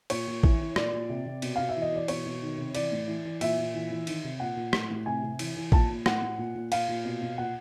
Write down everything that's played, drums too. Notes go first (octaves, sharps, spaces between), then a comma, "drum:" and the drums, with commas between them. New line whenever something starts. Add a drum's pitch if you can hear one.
A#2 C#5, drum: cymbal
A#2
E3, drum: kick
E3
A#2 D5, drum: rim click
A#2
C3
C3
B2, drum: cymbal
B2 F5
E5
E3
D#5
E3 D5
B2 C#5, drum: cymbal
B2
D#3
C3
E3 D5, drum: cymbal
A2
E3
E3
A#2 E5, drum: cymbal
A#2
E3
E3
D#3, drum: cymbal
C3
A#2 F#5
A#2
A2, drum: rim click
A2
C3 G#5
C3
E3, drum: cymbal
E3
A#2 A5, drum: kick
A#2
A2 F#5, drum: rim click
A2
A#2
A#2
A#2 F5, drum: cymbal
A#2
B2
B2
A#2 F#5